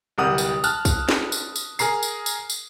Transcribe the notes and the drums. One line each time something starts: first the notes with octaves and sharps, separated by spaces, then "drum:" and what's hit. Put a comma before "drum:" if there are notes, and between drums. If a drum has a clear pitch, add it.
D1 C3 G3 A#4 F#5 D#6
drum: tambourine
A5 F6 F#6, drum: tambourine
drum: kick, tambourine
drum: snare
drum: tambourine
drum: tambourine
G#4 A#4 A#5 C7, drum: tambourine
drum: tambourine
drum: tambourine
drum: tambourine